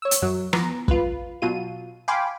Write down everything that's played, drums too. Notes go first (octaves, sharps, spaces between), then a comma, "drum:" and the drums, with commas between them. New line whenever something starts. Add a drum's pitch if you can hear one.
C#5 E6
drum: hi-hat
F#2 F#3
E3 F3 B3 A#5, drum: rim click
F4 B4, drum: kick
B2 F#3 F4 D#7
F5 G5 G#5 B5 C6 D6